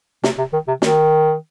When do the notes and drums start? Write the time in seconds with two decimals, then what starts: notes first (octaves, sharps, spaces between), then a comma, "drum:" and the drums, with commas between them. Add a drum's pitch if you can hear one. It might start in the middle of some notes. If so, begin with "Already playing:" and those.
0.24 C3, drum: snare
0.38 C3
0.53 D#3
0.68 C3
0.82 D#3, drum: snare